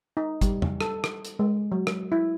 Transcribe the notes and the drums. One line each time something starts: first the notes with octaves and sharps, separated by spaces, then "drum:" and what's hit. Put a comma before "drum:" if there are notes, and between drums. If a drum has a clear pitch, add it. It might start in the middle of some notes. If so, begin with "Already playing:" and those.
D#4
G3, drum: kick, hi-hat
drum: tom
A4, drum: rim click
drum: rim click
drum: hi-hat
G#3
F#3
drum: rim click
E4